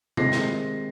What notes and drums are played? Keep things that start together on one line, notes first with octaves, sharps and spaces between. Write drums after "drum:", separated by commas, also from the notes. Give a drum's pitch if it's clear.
C3 D#3 G#3 C4 A#6 C7, drum: tom C3
drum: snare